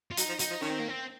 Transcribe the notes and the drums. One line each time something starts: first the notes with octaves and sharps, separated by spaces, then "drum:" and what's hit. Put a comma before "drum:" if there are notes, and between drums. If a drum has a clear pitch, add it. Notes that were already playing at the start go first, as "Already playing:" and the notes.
F4
F#3 D#4, drum: hi-hat
F3
F#3 D#4, drum: hi-hat
F3
D#3 C#4
C4
A#3
C4